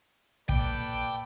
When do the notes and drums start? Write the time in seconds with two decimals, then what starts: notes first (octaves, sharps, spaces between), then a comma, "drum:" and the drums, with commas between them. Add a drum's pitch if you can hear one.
0.49 A#2 A4 B4 D5 G5, drum: kick